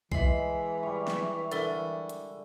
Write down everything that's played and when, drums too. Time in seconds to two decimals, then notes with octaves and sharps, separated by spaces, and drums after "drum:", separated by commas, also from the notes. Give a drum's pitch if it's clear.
0.12 E3 G#3 E5 B5 C7, drum: kick B1
0.83 G3 C#6
1.07 drum: snare
1.52 D3 A#4 E5 A6, drum: hi-hat
2.09 drum: hi-hat